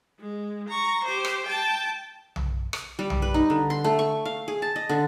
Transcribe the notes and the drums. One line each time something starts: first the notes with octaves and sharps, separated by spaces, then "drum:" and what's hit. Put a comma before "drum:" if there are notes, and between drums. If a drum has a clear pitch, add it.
G#3
A#5 C#6
G4 C5
drum: rim click
G5 A5
drum: tom B1
drum: rim click
G3
drum: tom B1
B4
D#4
D3
C6
A3
C#6
F5
G#4
A5
D#5
D3